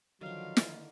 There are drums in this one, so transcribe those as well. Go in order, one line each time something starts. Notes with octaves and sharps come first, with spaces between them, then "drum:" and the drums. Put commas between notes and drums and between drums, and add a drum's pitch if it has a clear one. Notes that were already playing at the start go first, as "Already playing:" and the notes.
D3 D#3 F3 F#3 F5
drum: snare